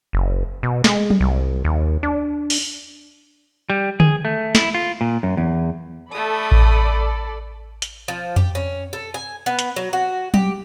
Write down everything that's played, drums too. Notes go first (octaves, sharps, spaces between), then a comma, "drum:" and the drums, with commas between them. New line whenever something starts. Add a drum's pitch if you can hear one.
F#1
B2
G#3, drum: snare
drum: tom F#3
C2
D#2
D4
drum: open hi-hat
G3
G#4, drum: tom D3
A3
E4, drum: snare
F4
A#2
F#2
E2
A3 A4 D5 B5 D#6
drum: kick A1
drum: hi-hat
F3
G4, drum: tom F2
C#4
A4
G#5
B3
drum: hi-hat
F#3
F#4
G4, drum: tom F#3